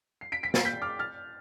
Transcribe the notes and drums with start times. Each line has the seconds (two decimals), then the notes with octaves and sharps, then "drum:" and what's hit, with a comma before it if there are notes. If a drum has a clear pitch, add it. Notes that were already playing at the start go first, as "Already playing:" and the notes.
0.21 C7
0.32 B6 D7
0.43 B6 D7
0.54 A6 C7, drum: snare
0.65 G6 B6
0.82 D6 F6
0.99 F6 A6